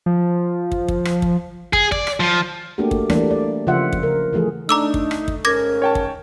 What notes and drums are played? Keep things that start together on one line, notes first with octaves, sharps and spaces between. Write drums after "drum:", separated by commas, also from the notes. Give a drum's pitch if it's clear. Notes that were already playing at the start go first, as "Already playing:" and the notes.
F3
drum: kick
drum: kick
drum: rim click
drum: kick
G#4, drum: kick
D5, drum: kick
drum: rim click
F3
A3 A#3 D4 F#4 G4
drum: kick
E3 G3 A3 A#3 D4 D5, drum: rim click
D5
C#3 F3 F4 C5 E5 F#5
drum: kick
C#3 A#4
E3 F3 A3 G#4
A3 D4 D#4 A#5 D6 E6
drum: kick
drum: rim click
drum: kick
G#2 C#4 A#4 D6 G#6 A#6
C#5 G5 A5
drum: kick